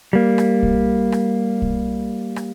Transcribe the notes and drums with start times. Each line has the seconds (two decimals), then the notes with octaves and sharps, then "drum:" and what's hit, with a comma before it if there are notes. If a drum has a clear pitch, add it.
0.13 G3 A#3
0.38 drum: rim click
0.63 drum: kick
1.12 drum: rim click
1.62 drum: kick
2.36 drum: rim click